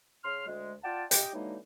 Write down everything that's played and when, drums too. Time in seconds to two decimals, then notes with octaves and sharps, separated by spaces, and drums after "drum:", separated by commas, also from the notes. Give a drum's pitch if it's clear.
0.24 C#3 C6 F6
0.47 D2 G#3
0.84 F4 D5 F#5 G5 A5
1.11 G4 D#5 G5, drum: hi-hat
1.34 D3 E3 F#3 G#3 A#3 D#4